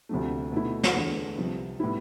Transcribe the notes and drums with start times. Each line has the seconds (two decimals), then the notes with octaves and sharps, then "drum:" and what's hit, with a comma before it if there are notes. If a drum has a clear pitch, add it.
0.09 D2 C3 F3 A3
0.52 B2 A3 E4
0.83 drum: snare
0.95 E2 D3 A3
1.37 C2 C3 F3
1.80 A2 G3 B3 E4